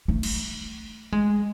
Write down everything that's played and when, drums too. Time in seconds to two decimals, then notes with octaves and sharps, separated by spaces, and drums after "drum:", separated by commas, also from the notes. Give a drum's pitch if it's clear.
0.08 A3
0.23 drum: cymbal
1.12 G#3